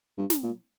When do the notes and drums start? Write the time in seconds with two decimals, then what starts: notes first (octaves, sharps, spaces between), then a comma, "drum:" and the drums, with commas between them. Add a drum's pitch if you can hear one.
0.17 G2
0.30 drum: snare
0.43 A#2